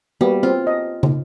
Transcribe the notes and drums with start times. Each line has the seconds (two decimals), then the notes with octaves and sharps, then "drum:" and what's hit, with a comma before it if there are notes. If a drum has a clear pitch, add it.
0.21 G3 A#3 B3 F#4
0.43 C4 F4
0.67 D#5
1.03 drum: tom